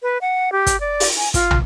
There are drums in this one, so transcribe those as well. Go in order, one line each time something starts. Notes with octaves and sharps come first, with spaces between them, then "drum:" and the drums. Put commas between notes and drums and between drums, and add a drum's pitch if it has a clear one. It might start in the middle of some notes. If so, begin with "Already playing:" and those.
B4
F#5
G4
drum: kick, hi-hat
D5
drum: open hi-hat
G#5
F4, drum: kick, hi-hat
drum: tom